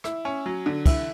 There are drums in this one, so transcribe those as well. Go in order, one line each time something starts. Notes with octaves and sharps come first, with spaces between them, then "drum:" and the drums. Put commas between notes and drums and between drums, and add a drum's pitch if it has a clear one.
E4, drum: rim click
C#4
F#3
D3
E4, drum: kick, cymbal